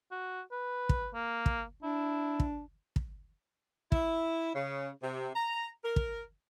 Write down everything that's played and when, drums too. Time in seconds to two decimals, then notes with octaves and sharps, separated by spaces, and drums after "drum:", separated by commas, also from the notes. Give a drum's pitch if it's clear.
0.11 F#4
0.52 B4
0.89 drum: kick
1.14 A#3
1.46 drum: kick
1.83 D4 E4
2.40 drum: kick
2.96 drum: kick
3.92 E4, drum: kick
4.55 C#3
5.02 C3
5.35 A#5
5.84 A#4
5.96 drum: kick